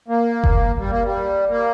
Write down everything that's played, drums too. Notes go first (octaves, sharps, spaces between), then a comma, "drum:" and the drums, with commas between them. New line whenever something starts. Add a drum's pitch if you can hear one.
A#3
drum: kick F#1
G3
A#3
G3
A#3